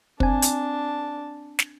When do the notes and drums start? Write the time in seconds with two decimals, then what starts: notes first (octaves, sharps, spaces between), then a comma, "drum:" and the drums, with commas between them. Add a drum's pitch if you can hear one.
0.20 C4 D4 G#5 A5, drum: kick
0.42 drum: hi-hat
1.59 drum: snare